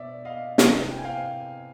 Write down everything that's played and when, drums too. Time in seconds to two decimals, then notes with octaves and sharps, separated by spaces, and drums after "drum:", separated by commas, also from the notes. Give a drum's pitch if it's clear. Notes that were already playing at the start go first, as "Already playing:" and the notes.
Already playing: B2 D5 E5
0.25 D#5 F5
0.58 C3 E3, drum: snare
0.90 G5
0.97 G#5
1.04 F5 G5